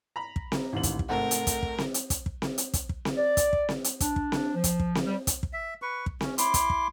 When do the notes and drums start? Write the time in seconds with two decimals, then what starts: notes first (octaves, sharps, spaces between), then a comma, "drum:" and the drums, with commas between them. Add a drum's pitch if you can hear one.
0.16 A#5 B5
0.36 drum: kick
0.52 drum: snare C4
0.73 A1 D#2 F#7
0.83 drum: kick, hi-hat
0.99 drum: kick
1.09 G#1 G#2 C3 A3 A#4 F#5
1.31 drum: hi-hat
1.47 drum: kick, hi-hat
1.63 drum: kick
1.78 drum: snare C4
1.94 drum: hi-hat
2.10 drum: kick, hi-hat
2.26 drum: kick
2.42 drum: snare C4
2.58 drum: hi-hat
2.74 drum: kick, hi-hat
2.89 drum: kick
3.05 drum: snare C4
3.17 D5
3.37 drum: kick, hi-hat
3.53 drum: kick
3.69 drum: snare C4
3.84 drum: hi-hat
4.00 D4, drum: kick, hi-hat
4.16 drum: kick
4.32 drum: snare C4
4.54 F3
4.64 drum: kick, hi-hat
4.80 drum: kick
4.95 drum: snare C4
5.05 G3
5.27 drum: kick, hi-hat
5.43 drum: kick
5.53 E5
5.82 B4 C#6
6.06 drum: kick
6.21 C#4, drum: snare C4
6.38 E4 C6 D6, drum: hi-hat
6.54 drum: kick, hi-hat
6.70 drum: kick